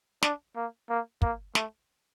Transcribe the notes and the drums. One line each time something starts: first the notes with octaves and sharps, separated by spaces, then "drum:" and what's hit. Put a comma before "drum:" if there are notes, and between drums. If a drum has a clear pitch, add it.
D4, drum: snare
A#3
A#3
A#3, drum: kick
A3, drum: snare